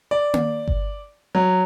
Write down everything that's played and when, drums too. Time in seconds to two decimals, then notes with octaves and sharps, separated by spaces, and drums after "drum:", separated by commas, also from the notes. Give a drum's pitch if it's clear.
0.11 D5
0.34 drum: tom A#3
0.68 drum: kick G1
1.35 F#3